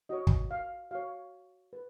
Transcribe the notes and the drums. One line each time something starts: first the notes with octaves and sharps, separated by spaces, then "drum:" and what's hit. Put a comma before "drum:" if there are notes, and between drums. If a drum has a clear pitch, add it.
F#4 C#5 D#5
drum: kick
F5
F#4 C#5 F5
B4